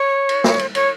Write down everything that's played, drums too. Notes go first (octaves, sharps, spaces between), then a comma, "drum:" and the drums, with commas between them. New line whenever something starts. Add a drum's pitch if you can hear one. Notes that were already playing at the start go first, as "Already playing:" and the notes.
Already playing: C#5
drum: cymbal
drum: snare
drum: cymbal
C#5, drum: cymbal